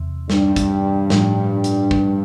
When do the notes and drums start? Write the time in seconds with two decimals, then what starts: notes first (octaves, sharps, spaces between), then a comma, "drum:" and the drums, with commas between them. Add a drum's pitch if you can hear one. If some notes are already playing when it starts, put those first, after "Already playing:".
Already playing: E2 C3 E3
0.30 G2, drum: snare
0.56 drum: kick, hi-hat
1.10 A2 F3, drum: snare
1.64 drum: hi-hat
1.91 drum: kick